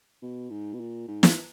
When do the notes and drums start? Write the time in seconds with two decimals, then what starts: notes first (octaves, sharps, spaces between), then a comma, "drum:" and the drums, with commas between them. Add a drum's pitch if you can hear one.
0.22 B2
0.50 G#2
0.73 B2
0.80 A#2
1.08 G#2
1.23 drum: snare